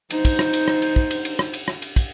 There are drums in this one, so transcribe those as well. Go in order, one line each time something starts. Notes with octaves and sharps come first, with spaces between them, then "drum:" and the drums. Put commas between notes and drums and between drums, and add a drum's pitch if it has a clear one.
D#4 C5, drum: cymbal
drum: kick, cymbal
drum: rim click
drum: cymbal
drum: rim click
drum: cymbal
drum: kick
drum: cymbal
drum: cymbal
drum: rim click
drum: cymbal
drum: rim click
drum: cymbal
drum: kick, cymbal